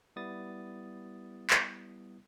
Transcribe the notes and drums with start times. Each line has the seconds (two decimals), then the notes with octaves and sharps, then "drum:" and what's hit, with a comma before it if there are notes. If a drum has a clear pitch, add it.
0.16 G3 B3 E4 D#6 A6
1.50 drum: clap